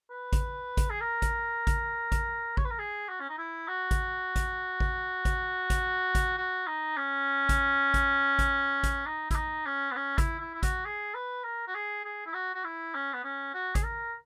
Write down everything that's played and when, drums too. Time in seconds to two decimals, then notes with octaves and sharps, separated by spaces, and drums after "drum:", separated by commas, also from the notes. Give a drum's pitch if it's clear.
0.10 B4
0.33 drum: kick A1, hi-hat
0.77 drum: kick A1, hi-hat
0.90 G#4
1.00 A#4
1.22 drum: kick A1, hi-hat
1.67 drum: kick A1, hi-hat
2.12 drum: kick A1, hi-hat
2.57 C#5, drum: kick A1
2.65 B4
2.71 A#4
2.79 G#4
3.09 F#4
3.20 C#4
3.29 D#4
3.38 E4
3.68 F#4
3.91 drum: kick A1, hi-hat
4.36 drum: kick A1, hi-hat
4.80 drum: kick A1
5.25 drum: kick A1, hi-hat
5.70 drum: kick A1, hi-hat
6.15 drum: kick A1, hi-hat
6.38 F#4
6.67 D#4
6.97 C#4
7.49 drum: kick A1, hi-hat
7.94 drum: kick A1, hi-hat
8.39 drum: kick A1, hi-hat
8.83 drum: kick A1, hi-hat
9.06 D#4
9.31 E4, drum: kick A1, hi-hat
9.35 D#4
9.66 C#4
9.91 B3
9.96 C#4
10.18 E4, drum: kick A1, hi-hat
10.40 E4
10.54 E4
10.63 F#4, drum: kick A1, hi-hat
10.86 G#4
11.14 B4
11.44 A#4
11.68 F#4
11.75 G#4
12.05 G#4
12.26 E4
12.34 F#4
12.54 F#4
12.64 E4
12.95 C#4
13.13 B3
13.24 C#4
13.54 F#4
13.75 G#4, drum: kick A1, hi-hat
13.83 A#4